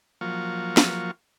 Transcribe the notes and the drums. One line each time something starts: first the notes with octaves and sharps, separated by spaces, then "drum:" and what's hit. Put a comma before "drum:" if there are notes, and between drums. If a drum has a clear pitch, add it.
F3 F#3 A#3 F4 C#6
drum: snare